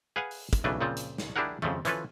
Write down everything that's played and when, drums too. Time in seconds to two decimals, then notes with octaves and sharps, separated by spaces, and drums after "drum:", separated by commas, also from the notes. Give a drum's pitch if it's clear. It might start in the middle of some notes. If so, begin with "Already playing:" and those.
0.16 G#4 B4 F5 F#5 G#5
0.31 drum: open hi-hat
0.53 drum: kick, hi-hat
0.64 B1 C#3 E3 A3 D4 B4
0.81 A#2 C#3 F3 C4 F4
0.97 drum: hi-hat
1.18 drum: snare
1.36 D4 E4 G4 G#4 A#4 F#5
1.62 F2 C#3 F3 A3, drum: tom D#3
1.85 E3 F3 C#4 F4 A4 B4, drum: hi-hat